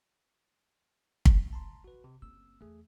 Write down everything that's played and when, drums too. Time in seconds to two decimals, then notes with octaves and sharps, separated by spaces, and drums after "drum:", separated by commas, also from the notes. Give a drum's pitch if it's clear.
1.25 drum: kick
1.53 A5 A#5 C6
1.84 F#4 B4
2.04 C3
2.22 F#1 C4 E6
2.61 E2 A3 G#4